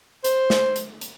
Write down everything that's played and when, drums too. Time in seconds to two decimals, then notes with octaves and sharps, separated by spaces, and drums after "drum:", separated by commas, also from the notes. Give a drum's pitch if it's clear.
0.24 C5, drum: hi-hat
0.50 drum: snare
0.76 drum: hi-hat
1.01 drum: hi-hat